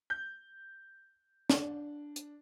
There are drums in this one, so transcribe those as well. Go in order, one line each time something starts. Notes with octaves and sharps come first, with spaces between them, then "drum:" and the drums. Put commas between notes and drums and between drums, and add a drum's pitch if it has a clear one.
G6
D4, drum: snare
drum: hi-hat